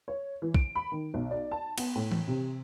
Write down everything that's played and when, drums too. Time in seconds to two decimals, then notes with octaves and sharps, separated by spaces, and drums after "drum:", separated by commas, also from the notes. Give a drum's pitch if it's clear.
0.08 C#5
0.42 E3
0.55 D7, drum: kick
0.75 B5
0.92 D#3
1.14 B1
1.31 D5
1.51 A5
1.78 B3, drum: cymbal
1.95 A2
2.12 drum: tom E3
2.28 C3